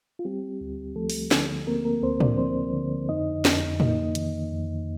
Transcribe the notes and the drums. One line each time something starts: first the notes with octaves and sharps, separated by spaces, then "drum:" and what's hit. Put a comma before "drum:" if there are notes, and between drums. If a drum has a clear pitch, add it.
F4
G3 C4 G4
D2
F3 A3 A4
drum: open hi-hat
D3, drum: snare
A#3 C4 A#4
A#3 A#4
D2 C4 C5
D4 D5, drum: tom
F3 C4 C5
D3
F2 D#4 D#5
F2, drum: snare
A#3 D#4 D#5, drum: tom
D#3, drum: hi-hat
F2